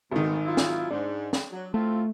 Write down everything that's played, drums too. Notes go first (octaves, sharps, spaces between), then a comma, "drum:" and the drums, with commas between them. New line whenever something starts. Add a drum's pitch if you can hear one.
G#1 G#2 B2 D#3 A3
F#3 E4 F4
drum: snare
G#2 D4
drum: snare
F#3
A2 A3 C4 F4